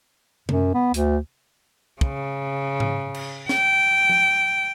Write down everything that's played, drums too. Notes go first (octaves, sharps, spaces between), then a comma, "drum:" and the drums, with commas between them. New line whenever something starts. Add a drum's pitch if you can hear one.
F#2, drum: tom C3
B3
D2, drum: hi-hat
C#3, drum: kick
drum: tom G#2
drum: cymbal
G5, drum: snare
drum: tom F3